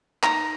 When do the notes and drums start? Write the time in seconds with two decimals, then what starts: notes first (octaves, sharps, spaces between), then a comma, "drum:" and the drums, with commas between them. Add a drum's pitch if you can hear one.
0.23 D#4 A#5, drum: clap